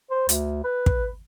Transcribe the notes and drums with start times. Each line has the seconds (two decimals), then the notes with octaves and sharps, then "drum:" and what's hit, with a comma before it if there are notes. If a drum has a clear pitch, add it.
0.11 C5
0.29 D2, drum: hi-hat
0.64 B4
0.86 drum: kick